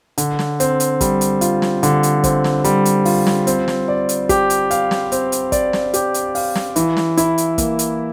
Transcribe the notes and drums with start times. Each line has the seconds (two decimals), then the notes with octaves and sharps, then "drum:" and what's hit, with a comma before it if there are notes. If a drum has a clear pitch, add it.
0.18 D3, drum: hi-hat
0.39 drum: snare
0.60 C4, drum: hi-hat
0.80 drum: hi-hat
1.01 G3, drum: kick G1, hi-hat
1.21 drum: hi-hat
1.41 F4, drum: hi-hat
1.62 drum: snare
1.83 D3, drum: hi-hat
2.03 drum: hi-hat
2.24 C4, drum: kick G1, hi-hat
2.44 drum: snare
2.64 G3, drum: hi-hat
2.85 drum: hi-hat
3.05 F4, drum: open hi-hat
3.27 drum: snare
3.47 C4, drum: hi-hat
3.68 drum: snare
3.88 D5
4.09 drum: hi-hat
4.29 G4, drum: kick G1, hi-hat
4.50 drum: hi-hat
4.71 F5, drum: hi-hat
4.91 drum: snare
5.12 C4, drum: hi-hat
5.32 drum: hi-hat
5.52 D5, drum: kick G1, hi-hat
5.73 drum: snare
5.94 G4, drum: hi-hat
6.14 drum: hi-hat
6.35 F5, drum: open hi-hat
6.55 drum: snare
6.76 E3, drum: hi-hat
6.97 drum: snare
7.17 E4, drum: hi-hat
7.38 drum: hi-hat
7.58 A#3, drum: kick G1, hi-hat
7.79 drum: hi-hat